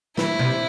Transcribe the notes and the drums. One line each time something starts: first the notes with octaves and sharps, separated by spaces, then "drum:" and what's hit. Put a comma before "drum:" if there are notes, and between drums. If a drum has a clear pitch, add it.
E3 E4, drum: snare
C3